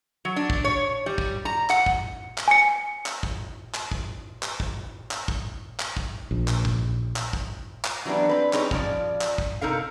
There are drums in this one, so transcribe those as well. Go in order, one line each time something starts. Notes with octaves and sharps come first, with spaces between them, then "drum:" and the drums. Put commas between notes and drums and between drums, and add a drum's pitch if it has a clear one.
F#3
D4
drum: kick
C#5
G3
drum: kick
A#5
F#5, drum: clap
drum: kick
drum: clap
G#5 C#7
drum: clap
drum: kick
drum: clap
drum: kick
drum: clap
drum: kick
drum: clap
drum: kick
drum: clap
drum: kick
A#1
drum: clap
drum: kick
drum: clap
drum: kick
drum: clap
E3 F#3 G3 B3 D4
C4 B4
G3 C4 D#4 G#4 B4 C#5, drum: clap
C#3 F3 D5, drum: kick
drum: clap
drum: kick
C3 D#4 A4 A#4 F5